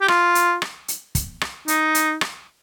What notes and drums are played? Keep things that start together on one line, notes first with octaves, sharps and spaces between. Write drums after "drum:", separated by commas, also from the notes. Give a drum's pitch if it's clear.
G4
F4, drum: rim click
drum: hi-hat
drum: rim click
drum: hi-hat
drum: kick, hi-hat
drum: rim click
D#4, drum: hi-hat
drum: hi-hat
drum: rim click